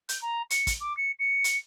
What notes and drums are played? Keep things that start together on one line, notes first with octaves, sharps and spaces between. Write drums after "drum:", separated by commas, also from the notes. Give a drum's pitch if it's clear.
G6, drum: hi-hat
A#5
C#7, drum: hi-hat
drum: kick, hi-hat
D6
C#7
C#7
drum: hi-hat